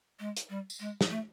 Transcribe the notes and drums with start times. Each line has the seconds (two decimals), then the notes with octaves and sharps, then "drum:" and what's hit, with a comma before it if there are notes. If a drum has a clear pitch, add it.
0.20 G#3
0.37 drum: hi-hat
0.50 G3
0.70 drum: tambourine
0.80 G#3
1.01 drum: snare
1.10 A3